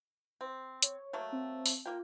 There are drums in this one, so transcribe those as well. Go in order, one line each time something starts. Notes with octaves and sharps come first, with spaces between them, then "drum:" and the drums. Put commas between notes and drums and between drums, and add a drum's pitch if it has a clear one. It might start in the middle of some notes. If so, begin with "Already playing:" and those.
C4
C#5, drum: hi-hat
F#3 A3 A#3
C4
drum: open hi-hat
A#3 F4 G5